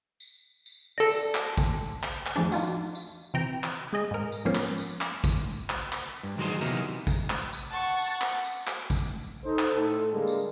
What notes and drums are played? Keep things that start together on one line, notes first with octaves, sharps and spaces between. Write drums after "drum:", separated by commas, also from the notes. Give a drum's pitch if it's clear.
drum: tambourine
drum: tambourine
A4 D5 A5 A#6
drum: tambourine
drum: clap
drum: kick, tambourine
drum: clap
drum: clap
F2 A2 F3 G#3 D4
D#4 F4 F#4, drum: tambourine
drum: tambourine
C3 E3 G5 A#5
drum: clap
G#3 G#4 D#5
G#2 A#4
drum: tambourine
G#2 F3 A#3 B3 C#4
drum: clap
drum: tambourine
drum: clap
drum: kick, tambourine
drum: clap
drum: clap
G2
D2 D#3 F#3 F#4 G#4 C6
C3 E3 F#3 B3 D#4 A#4, drum: tambourine
drum: kick, tambourine
drum: clap
drum: tambourine
F#5 A5 C#6
drum: tambourine
drum: clap
drum: tambourine
drum: clap
drum: kick, tambourine
D#4 A4 C5
drum: clap
A2 A4
D3 G3 G#3 A#3
drum: tambourine